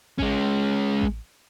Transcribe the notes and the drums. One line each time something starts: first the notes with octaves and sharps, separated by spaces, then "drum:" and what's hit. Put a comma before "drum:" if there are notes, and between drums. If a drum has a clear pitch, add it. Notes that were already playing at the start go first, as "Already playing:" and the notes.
G#3 C#4, drum: kick A1
drum: kick A1